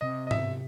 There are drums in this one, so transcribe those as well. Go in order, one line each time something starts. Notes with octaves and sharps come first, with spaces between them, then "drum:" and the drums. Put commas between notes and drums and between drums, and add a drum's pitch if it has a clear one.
C3 D#5
D#5
E5, drum: tom G#2